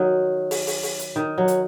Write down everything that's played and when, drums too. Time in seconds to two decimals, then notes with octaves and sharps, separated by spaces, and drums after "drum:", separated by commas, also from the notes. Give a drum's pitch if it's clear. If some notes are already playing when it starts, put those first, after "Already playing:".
Already playing: D#3 F#3
0.51 drum: open hi-hat
0.67 drum: open hi-hat
0.83 drum: open hi-hat
0.99 drum: hi-hat
1.16 D#3
1.38 F#3
1.48 drum: hi-hat